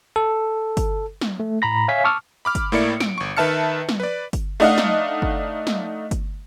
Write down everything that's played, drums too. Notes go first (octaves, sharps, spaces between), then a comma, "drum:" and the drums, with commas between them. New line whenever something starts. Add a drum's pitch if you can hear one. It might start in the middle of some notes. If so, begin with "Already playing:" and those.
A4
drum: kick G1, hi-hat
drum: snare
A3
A2 A#5 B5 A#6
C#5 E5 F5 G#5 B6
A5 C#6 D6 E6 F6
B5 D6 F6
drum: kick G1, hi-hat
A2 A#3 E4 D5 C#7
D7, drum: snare
G1 C#6
D#3 B4 E5 A5 F6 C#7
drum: snare
B4 D5
drum: kick G1, hi-hat
A3 D4 D#4 D#5 F5 F#5
drum: snare
drum: kick G1
drum: snare
drum: kick G1, hi-hat